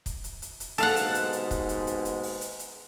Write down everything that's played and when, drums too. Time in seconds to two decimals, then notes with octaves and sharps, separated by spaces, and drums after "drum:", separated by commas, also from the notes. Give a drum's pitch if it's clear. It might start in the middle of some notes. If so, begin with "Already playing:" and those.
0.06 drum: kick, hi-hat
0.24 drum: hi-hat
0.42 drum: hi-hat
0.60 drum: hi-hat
0.78 D#2 G#2 B2 A4 F5 F#5, drum: open hi-hat
0.96 drum: hi-hat
1.14 drum: hi-hat
1.33 drum: hi-hat
1.51 drum: kick, hi-hat
1.69 drum: hi-hat
1.87 drum: hi-hat
2.05 drum: hi-hat
2.23 drum: open hi-hat
2.41 drum: hi-hat
2.59 drum: hi-hat